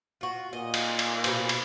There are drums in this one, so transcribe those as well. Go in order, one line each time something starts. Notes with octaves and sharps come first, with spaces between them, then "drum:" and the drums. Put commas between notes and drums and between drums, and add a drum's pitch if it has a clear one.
F4 F#4
A#2 D#5
drum: cymbal
drum: cymbal
B2 E3 C5, drum: cymbal
drum: cymbal